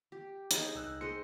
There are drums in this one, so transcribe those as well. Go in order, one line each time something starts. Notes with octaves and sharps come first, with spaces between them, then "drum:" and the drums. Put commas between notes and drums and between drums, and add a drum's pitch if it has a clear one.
G4
D#4 G#4 G5, drum: hi-hat
C2 E6 F#6
G#4 C5 D#5 C#7